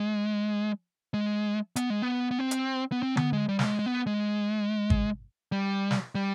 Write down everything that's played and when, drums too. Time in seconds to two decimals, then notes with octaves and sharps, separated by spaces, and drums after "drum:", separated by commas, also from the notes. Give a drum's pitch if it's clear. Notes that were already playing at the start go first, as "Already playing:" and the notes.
Already playing: G#3
1.14 G#3
1.76 B3, drum: hi-hat
1.90 G#3
2.02 B3
2.31 B3
2.39 C4
2.51 drum: hi-hat
2.92 B3
3.03 C4
3.17 B3, drum: tom D3
3.33 G#3
3.49 G3
3.59 G3, drum: snare
3.64 G#3
3.79 G#3
3.86 B3
4.07 G#3
4.90 drum: kick
5.52 G3
5.91 drum: snare
6.15 G3